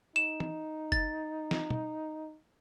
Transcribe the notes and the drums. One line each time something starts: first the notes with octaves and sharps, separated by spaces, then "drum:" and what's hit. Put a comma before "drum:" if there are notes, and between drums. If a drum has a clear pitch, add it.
D#4 E7
drum: tom
A6, drum: kick
drum: snare
drum: tom